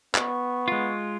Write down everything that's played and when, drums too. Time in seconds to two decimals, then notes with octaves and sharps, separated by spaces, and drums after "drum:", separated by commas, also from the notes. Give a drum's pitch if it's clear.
0.15 B3 C#6, drum: clap
0.68 G#3 F4